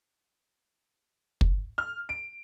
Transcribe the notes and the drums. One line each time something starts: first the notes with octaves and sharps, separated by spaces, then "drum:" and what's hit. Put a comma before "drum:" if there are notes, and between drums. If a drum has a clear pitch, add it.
drum: kick
F6
D7